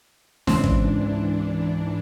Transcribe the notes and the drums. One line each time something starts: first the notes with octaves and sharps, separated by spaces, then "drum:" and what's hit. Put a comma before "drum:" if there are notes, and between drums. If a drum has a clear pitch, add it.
C#2 G#2 E3 C4 D4, drum: snare
drum: kick